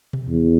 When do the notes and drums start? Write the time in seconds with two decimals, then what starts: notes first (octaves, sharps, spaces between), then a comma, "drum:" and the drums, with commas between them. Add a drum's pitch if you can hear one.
0.13 drum: tom B2
0.29 E2